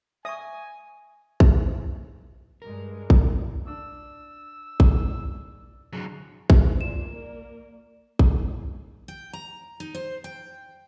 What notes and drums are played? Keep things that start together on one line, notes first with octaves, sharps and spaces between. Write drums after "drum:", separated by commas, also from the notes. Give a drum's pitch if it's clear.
E5 G#5 C#6 D#6
drum: kick
G2 G3 G#3 A#4
drum: kick
D4 D6 E6
drum: kick
D3 F#3 G#4
drum: kick
A#3 F4 D5 E7
A#4 D5
drum: kick
G5
A#5
D#4
C5
G5